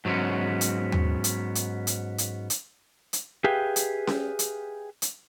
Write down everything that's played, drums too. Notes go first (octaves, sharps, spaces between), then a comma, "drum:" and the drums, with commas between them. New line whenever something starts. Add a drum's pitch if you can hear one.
G#2 F#3 G3 B3 C#4
drum: hi-hat
drum: tom
drum: hi-hat
drum: hi-hat
drum: hi-hat
drum: hi-hat
drum: hi-hat
drum: hi-hat
G4 G#4 B4 E5 F5 G5
drum: hi-hat
drum: snare C#4
drum: hi-hat
drum: hi-hat